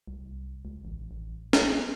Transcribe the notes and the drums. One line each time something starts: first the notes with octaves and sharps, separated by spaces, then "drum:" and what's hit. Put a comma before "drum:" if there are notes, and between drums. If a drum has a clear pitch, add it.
C2
C#2
A1
A1
drum: snare